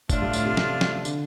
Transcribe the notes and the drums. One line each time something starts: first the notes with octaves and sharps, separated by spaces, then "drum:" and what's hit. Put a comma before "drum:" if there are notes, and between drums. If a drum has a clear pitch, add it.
A2 D3 A3 D4 F4, drum: kick, tambourine
G2
A2, drum: tambourine
C3
drum: snare
drum: snare
D3, drum: tambourine